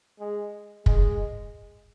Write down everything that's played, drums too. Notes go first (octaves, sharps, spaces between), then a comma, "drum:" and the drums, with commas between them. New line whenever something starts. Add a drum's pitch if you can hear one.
G#3
G#3, drum: kick